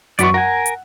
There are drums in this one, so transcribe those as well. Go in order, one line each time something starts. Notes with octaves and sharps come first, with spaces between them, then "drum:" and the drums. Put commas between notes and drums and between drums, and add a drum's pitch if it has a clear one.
F#2 E3 B3 D5 C#6, drum: hi-hat
A#4 F#5 G#5
drum: hi-hat